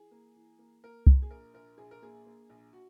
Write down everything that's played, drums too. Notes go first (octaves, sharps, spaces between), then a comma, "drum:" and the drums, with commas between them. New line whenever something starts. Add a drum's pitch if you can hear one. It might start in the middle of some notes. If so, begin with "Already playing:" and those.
Already playing: E3 G#4
A#3
E3
A#3
A#3 A#4
A#3, drum: kick C2
G#4
A#1 A#4
A#1 A#4
A#1 G#4
A#4
A#3 G#4
A#3
A#1
F#4